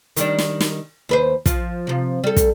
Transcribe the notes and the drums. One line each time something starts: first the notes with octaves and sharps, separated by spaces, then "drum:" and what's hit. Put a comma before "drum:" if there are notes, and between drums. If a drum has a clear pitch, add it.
D#3 G3 D4, drum: hi-hat
drum: snare
drum: snare
D#2 B4 C5
F3, drum: kick, hi-hat
C3 F3
G3 A4
drum: kick, hi-hat